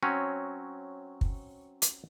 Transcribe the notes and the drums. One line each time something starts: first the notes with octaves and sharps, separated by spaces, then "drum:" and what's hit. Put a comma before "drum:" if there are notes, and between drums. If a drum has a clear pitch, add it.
F#3 C4 C#4
drum: kick
drum: hi-hat